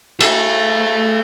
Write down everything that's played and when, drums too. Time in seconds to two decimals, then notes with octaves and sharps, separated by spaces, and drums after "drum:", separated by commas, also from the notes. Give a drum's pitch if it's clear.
0.20 A4 E5, drum: cymbal